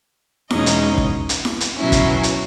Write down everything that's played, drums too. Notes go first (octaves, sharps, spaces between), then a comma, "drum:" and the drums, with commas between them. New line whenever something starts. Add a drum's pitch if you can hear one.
E2 B2 G#3 C#4 D#4 D#5, drum: snare E4
drum: hi-hat
drum: kick
drum: hi-hat
drum: snare E4
drum: hi-hat
B2 F#3 C#4 E4
drum: kick, hi-hat
drum: hi-hat